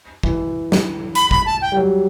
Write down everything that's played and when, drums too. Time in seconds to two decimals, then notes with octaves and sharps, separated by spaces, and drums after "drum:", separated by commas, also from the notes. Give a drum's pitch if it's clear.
0.23 E3, drum: kick
0.72 drum: snare
1.15 B5, drum: hi-hat
1.31 B5, drum: kick
1.46 A5
1.62 G5
1.72 G3
1.77 F#3